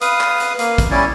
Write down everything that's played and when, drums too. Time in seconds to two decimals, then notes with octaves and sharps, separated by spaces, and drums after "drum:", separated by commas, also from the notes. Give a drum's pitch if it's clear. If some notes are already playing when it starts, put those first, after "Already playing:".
0.01 B4 F5 D#6, drum: hi-hat
0.21 drum: clap
0.40 drum: hi-hat
0.59 A#3 F5, drum: hi-hat
0.78 drum: kick, hi-hat
0.91 G3 C#4 E4 D5